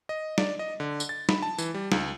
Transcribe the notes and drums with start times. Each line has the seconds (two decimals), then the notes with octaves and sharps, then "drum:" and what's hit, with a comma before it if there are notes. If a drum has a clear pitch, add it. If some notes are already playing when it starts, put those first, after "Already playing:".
0.09 D#5
0.38 D5, drum: snare
0.59 D#5
0.80 D3
1.00 drum: tambourine
1.09 A6
1.29 B5, drum: snare
1.42 A5
1.58 E3, drum: tambourine
1.74 G3
1.92 C#2, drum: snare